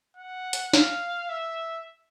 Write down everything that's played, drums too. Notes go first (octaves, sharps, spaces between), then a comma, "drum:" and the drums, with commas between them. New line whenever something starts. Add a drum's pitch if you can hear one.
F#5
drum: hi-hat
F5, drum: snare
E5